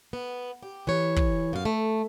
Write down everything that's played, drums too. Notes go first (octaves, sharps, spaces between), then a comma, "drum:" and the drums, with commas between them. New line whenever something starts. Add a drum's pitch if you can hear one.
B3
G4
E3 C#5
drum: kick
F#2 F5
A3